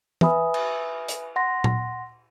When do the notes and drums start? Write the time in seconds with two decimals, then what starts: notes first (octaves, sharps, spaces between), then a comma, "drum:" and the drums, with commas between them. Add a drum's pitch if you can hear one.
0.21 B4 E5 G#5 B5 D#6, drum: tom E3
0.54 drum: cymbal
1.08 drum: hi-hat
1.36 F#5 C6 A#6
1.64 drum: tom A#2